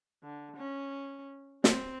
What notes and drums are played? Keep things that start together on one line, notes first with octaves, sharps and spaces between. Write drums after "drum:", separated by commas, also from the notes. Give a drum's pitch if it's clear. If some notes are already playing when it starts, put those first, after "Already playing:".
D3
C#4
C4, drum: snare